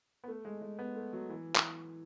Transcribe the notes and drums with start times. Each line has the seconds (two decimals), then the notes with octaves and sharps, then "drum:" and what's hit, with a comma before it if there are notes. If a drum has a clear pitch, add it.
0.24 B3
0.28 A3
0.45 G#3
0.62 G#3
0.79 B3
0.96 A3
1.13 F#3
1.29 E3
1.55 drum: clap